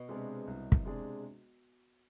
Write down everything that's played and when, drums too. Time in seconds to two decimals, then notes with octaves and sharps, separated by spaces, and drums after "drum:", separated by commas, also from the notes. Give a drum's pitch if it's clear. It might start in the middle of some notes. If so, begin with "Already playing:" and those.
Already playing: B2
0.09 C3 G#3 D4 G#4
0.47 C2
0.72 drum: kick
0.85 C3 G#3 D4 G#4